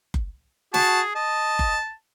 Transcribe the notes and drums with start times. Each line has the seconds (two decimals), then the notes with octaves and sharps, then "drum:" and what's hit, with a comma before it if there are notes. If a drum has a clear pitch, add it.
0.14 drum: kick F#1
0.74 F#4 G#4 A5, drum: snare
1.15 D#5 A5
1.59 drum: kick F#1